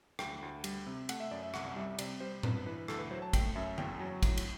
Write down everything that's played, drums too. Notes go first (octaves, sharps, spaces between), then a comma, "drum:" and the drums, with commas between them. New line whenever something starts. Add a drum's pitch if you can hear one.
D2 G5, drum: rim click
D2
G3, drum: cymbal
C3
A3 F#5, drum: cymbal
E5
F#2 D5
E5
C2 F#5, drum: rim click
G3 E5
C3 D5, drum: cymbal
G3 C5
G2 B4, drum: tom A2
E3 B4
D2 A4, drum: rim click
B4
F#3 C5
A5
A3 G5, drum: kick, cymbal
F#2 E5
E2 G5, drum: tom D3
F#3
A2, drum: kick, cymbal
drum: cymbal